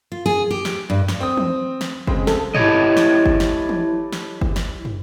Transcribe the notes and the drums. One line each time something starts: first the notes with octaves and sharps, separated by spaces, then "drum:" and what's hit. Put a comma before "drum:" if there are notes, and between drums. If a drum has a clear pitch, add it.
F4
G#4
G4
drum: snare
G2
drum: snare
C4 D#6
drum: tom E3
drum: snare
C#3 G#3 C4, drum: kick G1
A4, drum: snare
E4 G4 A4 C#5 D#5, drum: tom
drum: snare
drum: kick G1
drum: snare
drum: tom E3
drum: snare
drum: kick G1
drum: snare
drum: tom